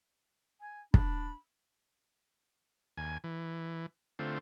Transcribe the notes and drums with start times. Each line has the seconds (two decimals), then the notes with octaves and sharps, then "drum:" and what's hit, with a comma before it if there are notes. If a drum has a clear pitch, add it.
0.61 G#5
0.94 D4 B5, drum: kick
2.97 D#2 G#5
3.24 E3
4.19 D3 A3 C4 F4